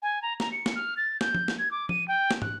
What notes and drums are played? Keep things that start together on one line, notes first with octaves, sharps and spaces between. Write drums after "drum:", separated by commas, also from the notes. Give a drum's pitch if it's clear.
G#5
A#5
A#5, drum: snare
C#7
drum: snare
F6
A6
G6, drum: snare
drum: tom F3
drum: snare
G#6
D6
D#7, drum: tom F3
G5
drum: snare
F#6, drum: tom